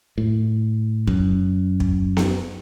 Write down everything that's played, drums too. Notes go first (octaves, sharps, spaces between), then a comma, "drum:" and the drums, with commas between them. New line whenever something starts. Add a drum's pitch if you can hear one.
A2
F#2, drum: kick
drum: kick
drum: snare B3